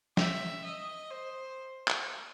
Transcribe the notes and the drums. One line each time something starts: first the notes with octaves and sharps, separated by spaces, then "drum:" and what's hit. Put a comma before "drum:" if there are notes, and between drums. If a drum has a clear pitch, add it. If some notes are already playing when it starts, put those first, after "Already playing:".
E5, drum: snare
D#5
C5
drum: clap